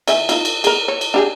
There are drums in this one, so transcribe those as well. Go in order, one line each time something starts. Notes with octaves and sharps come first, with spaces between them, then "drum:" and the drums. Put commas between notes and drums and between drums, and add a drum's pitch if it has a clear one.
D#3 E5 G#5, drum: cymbal
D#4 F4, drum: cymbal
drum: cymbal
G#4 A#4, drum: cymbal
C#5
drum: cymbal
D4 G4 G#4